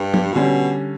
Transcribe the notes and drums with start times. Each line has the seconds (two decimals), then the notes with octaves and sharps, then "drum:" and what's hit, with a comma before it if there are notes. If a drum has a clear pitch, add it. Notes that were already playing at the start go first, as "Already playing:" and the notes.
Already playing: G2
0.14 drum: tom F3
0.33 B2 D3 G3 C#4